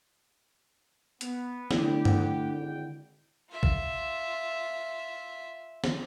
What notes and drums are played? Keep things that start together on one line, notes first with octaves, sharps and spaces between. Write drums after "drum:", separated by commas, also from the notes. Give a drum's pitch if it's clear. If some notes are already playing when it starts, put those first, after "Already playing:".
B3, drum: hi-hat
D3 A3 D4 E4 G4 D5, drum: snare
F#5, drum: tom G2
G#1 G5
F4 E5
drum: kick
drum: snare